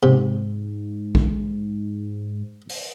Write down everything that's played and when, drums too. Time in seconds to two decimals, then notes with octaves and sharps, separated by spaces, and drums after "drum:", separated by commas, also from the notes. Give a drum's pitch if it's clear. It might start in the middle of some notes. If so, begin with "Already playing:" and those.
0.03 G#2 C3
1.15 drum: kick A#1
2.69 drum: open hi-hat